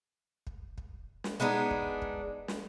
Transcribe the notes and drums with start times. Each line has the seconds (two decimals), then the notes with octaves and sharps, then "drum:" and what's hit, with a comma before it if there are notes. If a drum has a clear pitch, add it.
0.47 drum: kick
0.78 drum: kick
1.24 drum: snare
1.40 G#3 B3 D4 D#4
1.71 drum: kick
2.02 drum: kick
2.48 drum: snare